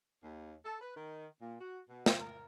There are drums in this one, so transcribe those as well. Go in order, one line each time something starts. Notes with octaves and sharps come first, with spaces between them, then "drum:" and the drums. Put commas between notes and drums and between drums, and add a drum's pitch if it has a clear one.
D#2
A4
B4
D#3
A#2
F#4
B2
C5, drum: snare
A#4